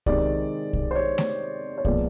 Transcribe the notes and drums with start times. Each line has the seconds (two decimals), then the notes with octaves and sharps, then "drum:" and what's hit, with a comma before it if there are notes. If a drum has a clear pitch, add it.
0.06 C3 D#3 G#3 C4 D5, drum: kick
0.73 drum: kick
0.91 C5
0.95 C#5
1.18 drum: snare A3
1.78 C#5
1.85 A#2 F3 G#3 B3 D5, drum: kick